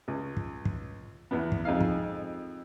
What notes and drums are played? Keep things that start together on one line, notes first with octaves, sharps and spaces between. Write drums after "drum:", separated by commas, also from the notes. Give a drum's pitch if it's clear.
C#2
drum: kick
drum: kick
E2 B3
drum: kick
F2 G#3 D#4 F5
drum: kick